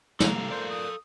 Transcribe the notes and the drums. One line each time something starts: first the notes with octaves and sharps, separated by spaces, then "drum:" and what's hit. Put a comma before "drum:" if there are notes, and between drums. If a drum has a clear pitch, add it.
C3 G3 A4 F5 A#5, drum: snare
A#4 C5 D5
D#6